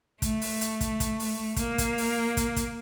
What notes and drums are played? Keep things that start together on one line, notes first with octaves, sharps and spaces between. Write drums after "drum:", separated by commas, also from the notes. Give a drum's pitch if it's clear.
A3, drum: kick, hi-hat
drum: open hi-hat
drum: hi-hat
drum: kick, hi-hat
drum: kick, hi-hat
drum: open hi-hat
A#3, drum: kick, hi-hat
drum: kick, hi-hat
drum: open hi-hat
drum: kick, hi-hat
drum: kick, hi-hat